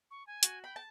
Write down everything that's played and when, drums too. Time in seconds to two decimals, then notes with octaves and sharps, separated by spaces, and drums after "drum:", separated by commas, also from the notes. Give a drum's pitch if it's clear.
0.11 C#6
0.27 G#5
0.43 F#4, drum: hi-hat
0.64 G5 B5
0.76 A5